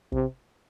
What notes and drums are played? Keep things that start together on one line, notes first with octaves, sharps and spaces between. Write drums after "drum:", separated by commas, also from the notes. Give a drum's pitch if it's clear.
C3, drum: kick